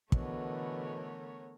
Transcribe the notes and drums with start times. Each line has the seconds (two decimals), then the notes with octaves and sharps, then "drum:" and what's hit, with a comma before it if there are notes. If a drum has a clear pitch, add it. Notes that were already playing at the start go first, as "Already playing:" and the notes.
0.12 B2 D3 E3 A3 B3 A#4 C#5, drum: kick